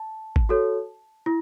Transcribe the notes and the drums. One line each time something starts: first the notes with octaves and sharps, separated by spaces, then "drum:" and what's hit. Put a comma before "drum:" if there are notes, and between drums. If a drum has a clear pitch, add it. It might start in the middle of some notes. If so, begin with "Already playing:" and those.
Already playing: A5
drum: kick G#1
F#4 A4 C#5
E4